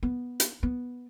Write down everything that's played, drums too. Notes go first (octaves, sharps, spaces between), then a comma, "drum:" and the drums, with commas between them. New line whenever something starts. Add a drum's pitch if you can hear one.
B3
drum: hi-hat
B3